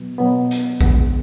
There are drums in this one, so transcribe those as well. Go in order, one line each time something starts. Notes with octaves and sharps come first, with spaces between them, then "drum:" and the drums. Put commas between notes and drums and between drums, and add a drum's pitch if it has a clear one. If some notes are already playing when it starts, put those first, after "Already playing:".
Already playing: B2 F#3 B3
B2 F#3 B3
drum: hi-hat
F#2 D3 F3 G#3 B3, drum: kick A#1